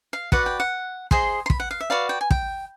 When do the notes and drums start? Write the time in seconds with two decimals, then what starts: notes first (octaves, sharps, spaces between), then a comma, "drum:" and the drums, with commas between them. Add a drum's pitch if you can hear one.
0.13 F5
0.32 F#4 B4 D5 F#5, drum: kick
0.46 G5
0.60 F#5
1.11 G#4 C5 D#5 C6, drum: kick
1.46 C6
1.50 B5, drum: kick
1.60 F#5
1.71 F5
1.81 E5
1.90 F#4 B4 D5 F5
2.09 G5
2.21 G#5
2.31 G5, drum: kick